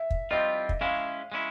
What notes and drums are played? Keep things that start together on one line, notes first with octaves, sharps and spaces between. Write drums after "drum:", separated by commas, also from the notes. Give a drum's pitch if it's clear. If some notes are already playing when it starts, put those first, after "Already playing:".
Already playing: E5
drum: kick
G3 C4 F4 D#5
drum: kick
G#3 C#4 E4 F5
G#3 C#4 E4